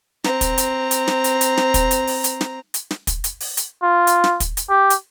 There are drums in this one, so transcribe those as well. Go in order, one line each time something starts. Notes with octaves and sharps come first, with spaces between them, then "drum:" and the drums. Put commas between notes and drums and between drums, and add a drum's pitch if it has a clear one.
C4 A#5, drum: snare
drum: kick, hi-hat
drum: hi-hat
drum: hi-hat
drum: snare
drum: hi-hat
drum: hi-hat
drum: snare
drum: kick, hi-hat
drum: hi-hat
drum: open hi-hat
drum: hi-hat
drum: snare
drum: hi-hat
drum: snare
drum: kick, hi-hat
drum: hi-hat
drum: open hi-hat
drum: hi-hat
F4
drum: hi-hat
drum: snare
drum: kick, hi-hat
drum: hi-hat
G4
drum: hi-hat